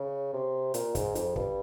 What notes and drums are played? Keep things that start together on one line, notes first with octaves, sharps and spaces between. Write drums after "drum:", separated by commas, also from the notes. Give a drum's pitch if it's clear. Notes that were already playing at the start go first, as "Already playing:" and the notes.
Already playing: C#3
C3
A#2, drum: hi-hat
G#2, drum: kick, hi-hat
F2, drum: hi-hat
G2, drum: kick